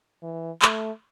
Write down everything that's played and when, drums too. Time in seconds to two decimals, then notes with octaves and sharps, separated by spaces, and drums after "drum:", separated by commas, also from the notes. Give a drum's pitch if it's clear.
0.23 E3
0.62 A3, drum: clap